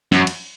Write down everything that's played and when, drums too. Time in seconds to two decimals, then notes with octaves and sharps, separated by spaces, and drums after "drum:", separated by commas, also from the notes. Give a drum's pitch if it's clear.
0.12 F#2, drum: snare
0.27 drum: cymbal